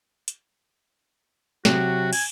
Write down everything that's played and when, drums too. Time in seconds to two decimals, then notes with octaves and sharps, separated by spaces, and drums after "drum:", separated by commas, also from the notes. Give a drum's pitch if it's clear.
0.28 drum: hi-hat
1.65 C3 F#3 F#4, drum: snare
2.13 G#5, drum: cymbal